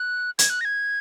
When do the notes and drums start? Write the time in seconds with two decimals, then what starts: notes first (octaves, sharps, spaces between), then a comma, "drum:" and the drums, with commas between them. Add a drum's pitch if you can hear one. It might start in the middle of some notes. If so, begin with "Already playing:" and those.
Already playing: F#6
0.39 G#6, drum: hi-hat
0.50 F#6
0.61 A#6
0.65 G#6